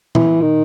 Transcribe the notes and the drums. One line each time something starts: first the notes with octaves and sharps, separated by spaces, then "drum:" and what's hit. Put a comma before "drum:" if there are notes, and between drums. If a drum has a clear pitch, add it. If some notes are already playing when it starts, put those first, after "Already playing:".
E3, drum: tom A#2
D#3